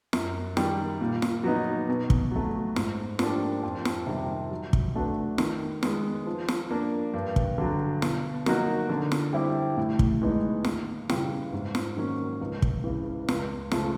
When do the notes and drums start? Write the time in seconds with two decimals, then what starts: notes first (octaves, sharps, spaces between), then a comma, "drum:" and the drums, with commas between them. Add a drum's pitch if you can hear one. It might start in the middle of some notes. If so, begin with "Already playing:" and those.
0.13 F#2, drum: snare
0.57 D#3 G3, drum: snare
1.01 A#2
1.22 drum: snare
1.44 F#3 B3 D#4
1.89 B2
2.10 drum: kick
2.31 F#3 A3
2.76 G#2, drum: snare
3.19 F3 A#3 D4 G4, drum: snare
3.63 F2
3.85 drum: snare
4.07 C3 D#3 G3
4.51 F#3
4.73 drum: kick
4.96 A3 D4 F#4 B4
5.38 D#3, drum: snare
5.83 G#3 B3, drum: snare
6.26 F3
6.48 drum: snare
6.71 A#3 D4
7.14 G2
7.36 drum: kick
7.58 D3 F#3
8.02 B2, drum: snare
8.46 F#3 A#3 D#4 F#4, drum: snare
8.89 D3
9.12 drum: snare
9.33 G3 C4 E4 G4
9.77 A2
9.99 drum: kick
10.22 E3 G#3 B3 D#4
10.64 D#2, drum: snare
11.09 C#3 E3 G3, drum: snare
11.53 G#2
11.75 drum: snare
11.97 D#3 F#3 A#3 C#4
12.41 C#2
12.62 drum: kick
12.84 C#3 E3
13.28 C#2, drum: snare
13.71 C#3 F3 A3, drum: snare